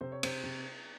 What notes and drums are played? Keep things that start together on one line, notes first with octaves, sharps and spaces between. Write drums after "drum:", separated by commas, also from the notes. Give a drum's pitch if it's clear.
C3 C5
C#5
C3 C5, drum: cymbal
C3